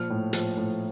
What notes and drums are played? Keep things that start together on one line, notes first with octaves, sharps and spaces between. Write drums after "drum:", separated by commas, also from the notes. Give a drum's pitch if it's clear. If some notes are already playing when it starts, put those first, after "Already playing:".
Already playing: A#2 F3 F6
A2
F3, drum: hi-hat
A2